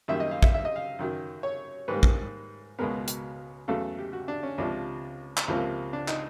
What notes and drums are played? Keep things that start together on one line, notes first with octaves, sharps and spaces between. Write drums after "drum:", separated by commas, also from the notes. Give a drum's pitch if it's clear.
F#2 D#3 G3 A#3 E5
D#5
F5
E5, drum: kick
E5
D#5
F5
F#2 D#3 F#3
C#5
G#2 D#3 G3 A#3 B4
drum: kick
C#2 B2 G#3 B3 A#4
drum: hi-hat
E2 C#3 F#3 A3 A4
G4
F#4
D4
C#4
C#2 C3 F3 D4
drum: clap
C#2 C3 F3 A#3
D4
D#4, drum: clap